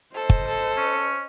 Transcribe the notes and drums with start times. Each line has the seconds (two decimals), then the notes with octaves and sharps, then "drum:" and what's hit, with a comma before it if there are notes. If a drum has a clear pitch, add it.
0.14 A4 C5 D#5
0.30 drum: kick
0.47 A4
0.77 C#4